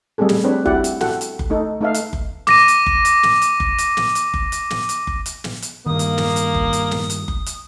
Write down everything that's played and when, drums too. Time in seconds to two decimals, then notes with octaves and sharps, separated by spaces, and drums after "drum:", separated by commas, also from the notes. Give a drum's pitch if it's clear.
0.18 G3 A3 C4 G#4 A4
0.29 drum: snare
0.44 C4 D4 B4 C#5
0.66 E4 F#4 G4 D5 F#5, drum: kick F#1
0.84 drum: hi-hat
1.01 F#4 A4 F#5 G5, drum: snare
1.21 drum: hi-hat
1.39 drum: kick F#1
1.50 A3 D#4 A4
1.81 A3 D#4 A4 B4 E5 F5
1.94 drum: hi-hat
2.13 drum: kick F#1
2.47 D6 A#6 D#7, drum: snare
2.68 drum: hi-hat
2.86 drum: kick F#1
3.05 drum: hi-hat
3.23 drum: snare
3.42 drum: hi-hat
3.60 drum: kick F#1
3.78 drum: hi-hat
3.97 drum: snare
4.15 drum: hi-hat
4.34 drum: kick F#1
4.52 drum: hi-hat
4.70 drum: snare
4.89 drum: hi-hat
5.07 drum: kick F#1
5.26 drum: hi-hat
5.44 drum: snare
5.62 drum: hi-hat
5.86 G2 D#3 A#3 D#6
5.99 drum: hi-hat
6.18 drum: snare
6.36 drum: hi-hat
6.54 drum: kick F#1
6.73 drum: hi-hat
6.91 drum: snare
7.10 drum: hi-hat
7.28 drum: kick F#1
7.46 drum: hi-hat